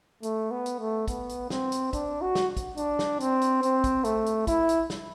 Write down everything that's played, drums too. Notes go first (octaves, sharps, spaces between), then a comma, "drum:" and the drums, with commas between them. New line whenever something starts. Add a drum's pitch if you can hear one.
A3, drum: hi-hat
B3
drum: hi-hat
A3
B3, drum: kick, hi-hat
drum: hi-hat
C4, drum: snare
drum: hi-hat
D4, drum: kick, hi-hat
F#4
drum: snare
drum: kick, hi-hat
D4, drum: hi-hat
drum: snare
C4, drum: hi-hat
drum: hi-hat
C4, drum: hi-hat
drum: kick, hi-hat
A3, drum: hi-hat
drum: hi-hat
E4, drum: kick, hi-hat
drum: hi-hat
drum: snare